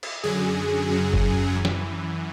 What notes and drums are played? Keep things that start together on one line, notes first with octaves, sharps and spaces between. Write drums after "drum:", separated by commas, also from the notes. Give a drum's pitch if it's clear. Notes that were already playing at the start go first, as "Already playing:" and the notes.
drum: cymbal
F#2 D3 F#3 G#4
F#2 C#3 F#3
drum: kick F#1
F#2 E3
drum: snare